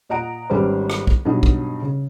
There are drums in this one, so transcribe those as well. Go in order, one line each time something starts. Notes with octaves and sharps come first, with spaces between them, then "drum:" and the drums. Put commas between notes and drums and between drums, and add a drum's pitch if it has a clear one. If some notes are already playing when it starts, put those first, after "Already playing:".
A#2 D#5 F#5 A#5 D7
G#1 G3 C#4 B4 C5
drum: rim click
drum: kick
G2 B2 F#3 D#4
drum: kick
C#3